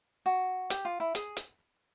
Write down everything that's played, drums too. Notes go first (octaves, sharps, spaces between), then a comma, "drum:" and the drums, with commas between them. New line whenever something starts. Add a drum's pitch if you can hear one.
F#4
G4, drum: hi-hat
F4
E4
G#4, drum: hi-hat
drum: hi-hat